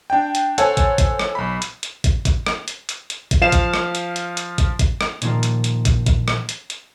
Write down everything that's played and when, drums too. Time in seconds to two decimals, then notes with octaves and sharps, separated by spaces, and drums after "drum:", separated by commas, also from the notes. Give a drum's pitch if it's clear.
0.10 D4 G5
0.35 drum: hi-hat
0.58 A4 C5 C#5 F#5 G#5 A5, drum: hi-hat
0.77 drum: kick, hi-hat
0.98 drum: kick, hi-hat
1.19 drum: rim click
1.35 B1 B5
1.62 drum: hi-hat
1.83 drum: hi-hat
2.04 drum: kick, hi-hat
2.25 drum: kick, hi-hat
2.46 drum: rim click
2.68 drum: hi-hat
2.89 drum: hi-hat
3.10 drum: hi-hat
3.31 drum: kick, hi-hat
3.41 F3 F5 C7 E7
3.52 drum: kick, hi-hat
3.74 drum: rim click
3.95 drum: hi-hat
4.16 drum: hi-hat
4.37 drum: hi-hat
4.58 drum: kick, hi-hat
4.79 drum: kick, hi-hat
5.01 drum: rim click
5.22 A#2 D3 D#3 F3 A#3, drum: hi-hat
5.43 drum: hi-hat
5.64 drum: hi-hat
5.85 drum: kick, hi-hat
6.06 drum: kick, hi-hat
6.28 drum: rim click
6.49 drum: hi-hat
6.70 drum: hi-hat